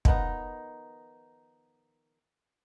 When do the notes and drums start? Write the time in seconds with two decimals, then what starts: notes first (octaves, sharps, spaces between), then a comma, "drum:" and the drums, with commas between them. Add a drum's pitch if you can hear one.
0.05 D#3 F3 B3 D#4, drum: kick